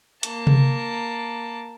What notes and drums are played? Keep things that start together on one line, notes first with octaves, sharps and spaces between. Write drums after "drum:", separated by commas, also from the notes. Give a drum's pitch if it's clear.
A#3 A5, drum: hi-hat
drum: tom C3